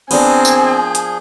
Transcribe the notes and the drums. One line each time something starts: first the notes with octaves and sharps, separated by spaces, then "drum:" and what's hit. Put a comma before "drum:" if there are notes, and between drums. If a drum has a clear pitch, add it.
F3 B3 C4 D4 G#4 A#4 G#5 G6, drum: cymbal
drum: tambourine
drum: hi-hat